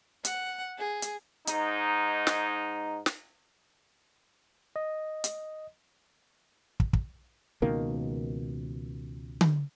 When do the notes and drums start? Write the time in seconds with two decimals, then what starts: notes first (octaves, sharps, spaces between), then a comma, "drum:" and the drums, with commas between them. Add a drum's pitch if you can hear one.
0.25 F#5, drum: hi-hat
0.78 G#4
1.02 drum: hi-hat
1.47 G#2 D#4, drum: hi-hat
2.27 drum: snare
3.06 drum: snare
4.76 D#5
5.24 drum: hi-hat
6.80 drum: kick
6.93 drum: kick
7.62 C#2 B2 D#3 A#3
9.41 drum: tom D3